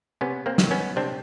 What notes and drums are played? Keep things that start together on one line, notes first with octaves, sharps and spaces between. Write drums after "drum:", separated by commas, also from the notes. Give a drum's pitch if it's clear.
C3 B3 C#4
A#3 C4
D#3, drum: snare
F#3
B3 C#4
C3 C4 D4